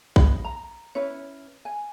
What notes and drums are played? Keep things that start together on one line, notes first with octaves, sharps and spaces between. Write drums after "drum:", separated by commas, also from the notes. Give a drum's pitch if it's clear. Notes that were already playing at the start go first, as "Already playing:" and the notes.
D#5 B5, drum: kick A#1
A#5
C#4 E4 B4 C#5
G#5